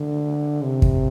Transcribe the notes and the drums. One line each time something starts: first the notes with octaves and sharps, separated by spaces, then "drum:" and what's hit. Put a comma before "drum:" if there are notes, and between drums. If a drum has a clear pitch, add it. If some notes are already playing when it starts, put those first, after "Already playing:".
Already playing: D3
C3
drum: kick